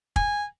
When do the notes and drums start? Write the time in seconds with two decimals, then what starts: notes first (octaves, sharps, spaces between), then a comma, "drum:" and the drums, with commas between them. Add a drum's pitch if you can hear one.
0.16 G#5, drum: kick